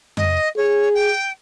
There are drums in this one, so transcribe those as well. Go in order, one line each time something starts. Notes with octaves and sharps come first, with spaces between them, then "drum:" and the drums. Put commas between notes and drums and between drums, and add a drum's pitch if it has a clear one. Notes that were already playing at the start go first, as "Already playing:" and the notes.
D#5, drum: tom F2
G#4 C#5
G5